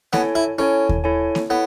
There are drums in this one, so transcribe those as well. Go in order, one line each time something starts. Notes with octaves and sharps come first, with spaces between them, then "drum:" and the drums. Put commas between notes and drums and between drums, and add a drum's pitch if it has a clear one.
B3 E4 A4 C#5 G#5, drum: snare A#3
E4
C#4 E4 A4 C#5 G#5
drum: kick D#2
E4 A4 C#5 G#5
drum: snare A#3
B3 E4 A4 C#5